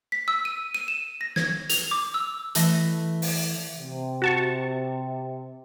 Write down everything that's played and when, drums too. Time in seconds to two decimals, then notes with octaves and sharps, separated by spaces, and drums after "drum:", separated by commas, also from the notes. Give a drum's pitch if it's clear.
0.12 B6
0.28 E6
0.45 D#7
0.74 D#7
0.88 E7
1.21 A#6
1.36 G#6, drum: snare
1.70 F7, drum: hi-hat
1.91 D6
2.14 E6
2.55 E3 A3 E5 A#6 D#7, drum: hi-hat
3.22 drum: open hi-hat
3.78 C3
4.22 F#4 A5 C#6